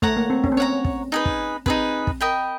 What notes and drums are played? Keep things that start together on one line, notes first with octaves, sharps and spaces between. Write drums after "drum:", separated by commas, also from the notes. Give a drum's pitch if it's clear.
A3 C#5 F#5 A#5, drum: kick
A#3
C4
C#4, drum: kick
C4
C#4 C#5 F#5 A#5
drum: kick
D#4 G#4 B4
drum: kick
C4 D#4 G#4 B4, drum: kick
drum: kick
A#4 D#5 G5 B5